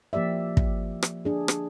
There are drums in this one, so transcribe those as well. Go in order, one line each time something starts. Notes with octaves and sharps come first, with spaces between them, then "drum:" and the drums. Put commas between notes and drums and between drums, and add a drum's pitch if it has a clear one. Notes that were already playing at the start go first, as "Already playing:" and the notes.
F3 A#3 G4 D5 E5
drum: kick
drum: rim click
D4 G#4
drum: rim click